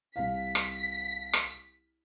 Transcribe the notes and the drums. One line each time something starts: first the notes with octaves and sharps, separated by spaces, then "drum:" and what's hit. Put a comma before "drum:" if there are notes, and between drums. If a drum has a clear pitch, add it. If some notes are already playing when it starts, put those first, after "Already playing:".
C2 F5 B6
drum: rim click
drum: rim click